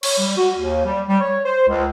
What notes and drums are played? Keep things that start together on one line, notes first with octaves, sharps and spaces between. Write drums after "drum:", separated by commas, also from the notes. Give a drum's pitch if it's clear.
C#5, drum: cymbal
G3
F#4
D#2
G3
G3
C#5
C5
C#2